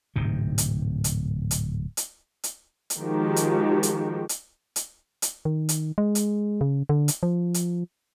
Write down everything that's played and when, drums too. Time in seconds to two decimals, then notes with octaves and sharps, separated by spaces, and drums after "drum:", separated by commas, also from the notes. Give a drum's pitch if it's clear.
0.16 D1 G#2 C3
0.58 drum: hi-hat
1.04 drum: hi-hat
1.51 drum: hi-hat
1.97 drum: hi-hat
2.44 drum: hi-hat
2.90 drum: hi-hat
2.99 D#3 F3 G#3 F#4 G4
3.36 drum: hi-hat
3.83 drum: hi-hat
4.29 drum: hi-hat
4.76 drum: hi-hat
5.22 drum: hi-hat
5.45 D#3
5.69 drum: hi-hat
5.98 G#3
6.15 drum: hi-hat
6.61 C#3
6.89 D3
7.08 drum: hi-hat
7.23 F3
7.54 drum: hi-hat